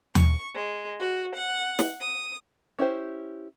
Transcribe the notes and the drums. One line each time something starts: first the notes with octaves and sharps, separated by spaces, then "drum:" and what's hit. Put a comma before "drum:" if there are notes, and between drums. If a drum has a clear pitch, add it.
C#6, drum: tom D#2
G#3
F#4
F#5
drum: snare
D#6
C#4 E4 F4 G4 C5